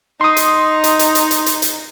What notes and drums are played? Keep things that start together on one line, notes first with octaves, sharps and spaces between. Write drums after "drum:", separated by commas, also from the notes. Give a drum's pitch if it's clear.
D#4 C6 D#6
drum: hi-hat
drum: hi-hat
drum: hi-hat
drum: hi-hat
drum: hi-hat
drum: hi-hat
drum: hi-hat